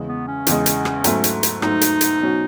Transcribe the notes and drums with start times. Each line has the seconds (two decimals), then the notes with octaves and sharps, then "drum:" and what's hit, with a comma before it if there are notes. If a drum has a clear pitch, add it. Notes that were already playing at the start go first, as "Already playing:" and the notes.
Already playing: E2 C#3 G#3
0.08 B3
0.28 C#4
0.47 E2 C#3 G#3, drum: hi-hat
0.66 drum: hi-hat
0.85 drum: rim click
1.04 G#2 F#3 A3, drum: hi-hat
1.24 drum: hi-hat
1.43 drum: hi-hat
1.62 G#2 F#3 A3 D#4, drum: rim click
1.81 drum: hi-hat
2.01 drum: hi-hat
2.20 B2 F#3 C#4 F#4